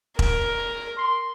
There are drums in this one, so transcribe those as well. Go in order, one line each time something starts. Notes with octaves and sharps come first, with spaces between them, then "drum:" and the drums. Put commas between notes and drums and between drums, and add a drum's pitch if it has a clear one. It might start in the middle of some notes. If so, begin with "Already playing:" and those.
A#4, drum: kick E1
C6